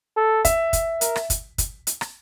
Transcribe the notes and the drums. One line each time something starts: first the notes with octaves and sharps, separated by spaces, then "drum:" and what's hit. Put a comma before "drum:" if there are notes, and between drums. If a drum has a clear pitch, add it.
A4
E5, drum: kick, hi-hat
drum: kick, hi-hat
A#4, drum: hi-hat
drum: rim click
drum: kick, hi-hat
drum: kick, hi-hat
drum: hi-hat
drum: rim click